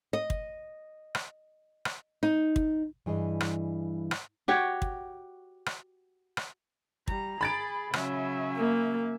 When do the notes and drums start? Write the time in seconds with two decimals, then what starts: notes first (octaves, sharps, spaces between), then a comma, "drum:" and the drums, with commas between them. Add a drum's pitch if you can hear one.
0.13 D#5
0.30 drum: kick
1.15 drum: rim click
1.85 drum: rim click
2.23 D#4
2.56 drum: kick
3.06 G2 E3 G#4 D#5
3.40 drum: rim click
4.11 drum: rim click
4.48 F#4 G4 C#5
4.82 drum: kick
5.66 drum: rim click
6.37 drum: rim click
7.08 G3 A#5, drum: kick
7.41 G#4 B5 A6 D7
7.93 C#3 F#3 E5 G#5, drum: rim click
8.57 A#3